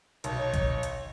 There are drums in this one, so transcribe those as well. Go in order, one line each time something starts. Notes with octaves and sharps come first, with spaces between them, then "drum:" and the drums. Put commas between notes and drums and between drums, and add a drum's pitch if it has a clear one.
B1 D#4 C#5, drum: hi-hat
drum: kick A#1, hi-hat
drum: hi-hat